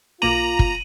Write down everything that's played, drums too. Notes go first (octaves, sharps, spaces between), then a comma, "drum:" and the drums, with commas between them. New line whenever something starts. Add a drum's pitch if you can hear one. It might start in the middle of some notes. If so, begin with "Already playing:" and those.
B1 A#3 F4 A#5 D6 D#7 F#7
drum: kick